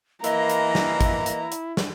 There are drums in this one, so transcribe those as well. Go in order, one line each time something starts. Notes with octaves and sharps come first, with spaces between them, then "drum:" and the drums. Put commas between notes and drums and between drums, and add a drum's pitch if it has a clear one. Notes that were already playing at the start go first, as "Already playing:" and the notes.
E3 A#3 E4 D#5 A#5, drum: hi-hat
drum: hi-hat
drum: snare
drum: kick G#1, hi-hat
drum: hi-hat
drum: hi-hat
drum: snare